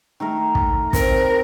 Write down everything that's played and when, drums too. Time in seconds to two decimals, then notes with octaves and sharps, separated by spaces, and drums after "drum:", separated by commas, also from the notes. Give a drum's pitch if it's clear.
0.20 D#3 A3 A#4
0.55 drum: kick
0.93 C4 A#4, drum: kick, hi-hat